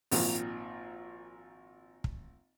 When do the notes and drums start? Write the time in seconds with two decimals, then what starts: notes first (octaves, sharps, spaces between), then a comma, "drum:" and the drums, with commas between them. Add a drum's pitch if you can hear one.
0.11 G#1 A#2 F3, drum: open hi-hat
2.04 drum: kick